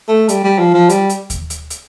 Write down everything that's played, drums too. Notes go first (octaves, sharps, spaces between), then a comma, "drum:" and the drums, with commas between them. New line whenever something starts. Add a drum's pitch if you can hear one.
A3
G3, drum: hi-hat
G3
F3
F3
G3, drum: hi-hat
drum: hi-hat
drum: kick D#2, hi-hat
drum: hi-hat
drum: hi-hat